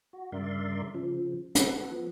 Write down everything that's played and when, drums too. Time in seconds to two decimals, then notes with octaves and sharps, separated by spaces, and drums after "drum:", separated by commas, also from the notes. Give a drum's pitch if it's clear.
0.13 F#4
0.32 G2 C#3 A#4 D5 E5 C6
0.95 C#3 F3
1.55 F#4 A4 B4, drum: hi-hat
1.90 F3 B3